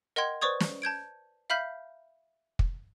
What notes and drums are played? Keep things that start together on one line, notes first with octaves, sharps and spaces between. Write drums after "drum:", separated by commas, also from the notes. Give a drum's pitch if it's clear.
A#4 D#5 F#5 G5 C6 G#6
B4 C5 D5 C#6 D#6 G#6
drum: snare
A5 G6 G#6 D7
E5 F5 B5 F6 G6 B6
drum: kick